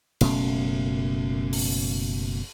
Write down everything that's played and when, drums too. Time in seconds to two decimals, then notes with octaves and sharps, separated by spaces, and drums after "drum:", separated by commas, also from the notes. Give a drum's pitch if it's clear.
0.21 F#1 B2 A3 C#4, drum: cymbal
1.53 drum: open hi-hat